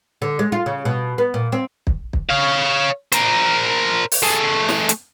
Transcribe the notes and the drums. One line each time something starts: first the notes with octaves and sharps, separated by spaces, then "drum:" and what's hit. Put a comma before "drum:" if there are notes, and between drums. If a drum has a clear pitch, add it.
D3
G#3
F4
C#3
B2
B3
A#2
C4
drum: kick
drum: kick
C#5 F5
A#4 C5, drum: hi-hat
drum: open hi-hat
A3 G#4
drum: snare
drum: hi-hat